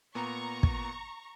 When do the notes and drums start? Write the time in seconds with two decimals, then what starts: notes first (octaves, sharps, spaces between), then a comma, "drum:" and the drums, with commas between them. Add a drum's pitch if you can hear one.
0.15 A#2 B3 A#5 C#6
0.63 drum: kick